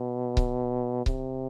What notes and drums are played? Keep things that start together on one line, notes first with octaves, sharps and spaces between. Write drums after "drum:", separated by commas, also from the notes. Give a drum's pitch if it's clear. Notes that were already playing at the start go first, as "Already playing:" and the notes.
Already playing: B2
drum: kick C#1
C3, drum: kick C#1